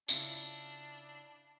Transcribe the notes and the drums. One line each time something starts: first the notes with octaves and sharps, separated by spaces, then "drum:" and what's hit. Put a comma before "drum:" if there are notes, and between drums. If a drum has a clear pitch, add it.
C#3 D4 E4 F4, drum: tambourine